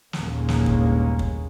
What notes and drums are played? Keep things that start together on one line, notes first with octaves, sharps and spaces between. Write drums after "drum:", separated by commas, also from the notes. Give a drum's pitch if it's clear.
G1 D#2 A#2 G#3 A#3 C#4, drum: snare
drum: snare
drum: kick
drum: kick